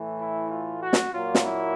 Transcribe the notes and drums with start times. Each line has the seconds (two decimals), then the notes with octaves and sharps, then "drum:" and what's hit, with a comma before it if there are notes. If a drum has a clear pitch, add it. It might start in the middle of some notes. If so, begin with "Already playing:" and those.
Already playing: A2 E3 A3
0.20 E4
0.51 F4
0.82 F#4
0.93 drum: snare
1.14 A#2 F#3 A#3 F4
1.35 drum: snare
1.45 E4